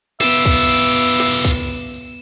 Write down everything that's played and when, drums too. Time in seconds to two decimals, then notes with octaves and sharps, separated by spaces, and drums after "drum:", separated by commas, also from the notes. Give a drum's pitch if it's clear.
0.21 B3 F4 G4 E5 E7, drum: snare
0.45 drum: kick, tambourine
0.95 drum: tambourine
1.20 drum: snare
1.45 drum: kick, tambourine
1.94 drum: tambourine